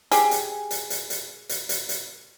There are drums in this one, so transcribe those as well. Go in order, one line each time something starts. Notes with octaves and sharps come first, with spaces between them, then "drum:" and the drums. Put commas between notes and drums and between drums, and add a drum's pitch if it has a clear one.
G4 G#4, drum: hi-hat
drum: hi-hat
drum: hi-hat
drum: hi-hat
drum: hi-hat
drum: hi-hat
drum: hi-hat
drum: hi-hat